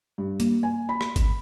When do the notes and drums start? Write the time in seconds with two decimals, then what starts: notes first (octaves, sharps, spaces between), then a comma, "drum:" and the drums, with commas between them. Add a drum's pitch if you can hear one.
0.18 G2
0.40 A#3, drum: hi-hat
0.63 G#5
0.89 B5
1.01 drum: rim click
1.16 drum: kick G1, hi-hat